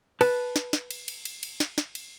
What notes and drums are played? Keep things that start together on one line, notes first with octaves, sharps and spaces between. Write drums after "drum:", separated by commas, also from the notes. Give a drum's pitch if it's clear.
B4 A5, drum: cymbal
drum: snare
drum: snare
drum: cymbal
drum: cymbal
drum: cymbal
drum: cymbal
drum: snare
drum: snare
drum: cymbal